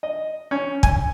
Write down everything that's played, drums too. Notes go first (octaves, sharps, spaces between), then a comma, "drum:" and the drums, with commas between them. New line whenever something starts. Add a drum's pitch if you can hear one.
D#5
C#4
G#5, drum: kick